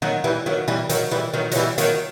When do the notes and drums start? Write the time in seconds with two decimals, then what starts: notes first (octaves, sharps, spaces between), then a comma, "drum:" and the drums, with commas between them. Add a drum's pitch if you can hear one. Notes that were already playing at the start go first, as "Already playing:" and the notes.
0.02 D#3 F#3
0.24 E3 G3
0.46 D#3 F#3
0.68 E3 G3
0.89 D#3 F#3, drum: hi-hat
1.11 E3 G3
1.34 D#3 F#3
1.52 F#3, drum: hi-hat
1.56 E3 G3
1.78 D#3 F#3, drum: hi-hat